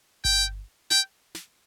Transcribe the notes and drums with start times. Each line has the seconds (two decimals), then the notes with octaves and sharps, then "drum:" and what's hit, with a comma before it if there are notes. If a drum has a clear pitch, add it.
0.25 G5, drum: kick G1
0.91 G5, drum: snare
1.35 drum: snare